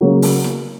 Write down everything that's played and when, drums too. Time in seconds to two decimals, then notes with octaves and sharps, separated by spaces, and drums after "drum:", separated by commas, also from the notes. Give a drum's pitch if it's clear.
0.01 C#3 F#3 A#3 C#4
0.22 drum: open hi-hat
0.44 drum: snare E4